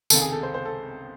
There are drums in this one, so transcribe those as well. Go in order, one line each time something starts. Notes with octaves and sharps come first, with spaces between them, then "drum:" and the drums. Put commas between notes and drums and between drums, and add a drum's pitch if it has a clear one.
C#2 C3 D#3 A4, drum: tambourine
G#4
A4
C5
C5
A4